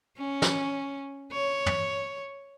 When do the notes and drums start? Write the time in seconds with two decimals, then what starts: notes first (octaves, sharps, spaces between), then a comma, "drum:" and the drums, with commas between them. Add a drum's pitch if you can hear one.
0.17 C#4
0.42 drum: snare
1.32 C#5
1.66 drum: tom